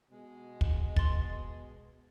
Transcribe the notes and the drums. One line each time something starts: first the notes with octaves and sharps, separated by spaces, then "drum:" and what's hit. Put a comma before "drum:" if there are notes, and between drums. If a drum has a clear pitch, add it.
B2 G#3
drum: kick
C6 A6, drum: kick